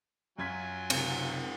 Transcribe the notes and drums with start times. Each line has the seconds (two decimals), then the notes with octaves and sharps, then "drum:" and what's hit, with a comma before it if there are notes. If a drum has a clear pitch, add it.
0.38 F#2 F#3 F4 G#5 G#6 B6
0.90 C#2 C3 C4, drum: cymbal